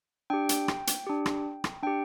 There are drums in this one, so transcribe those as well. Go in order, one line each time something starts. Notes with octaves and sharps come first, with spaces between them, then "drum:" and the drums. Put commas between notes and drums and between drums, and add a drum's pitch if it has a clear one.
D4 G4 G5
drum: hi-hat
drum: rim click
drum: hi-hat
D4 G4
drum: rim click
drum: rim click
D4 G4 G5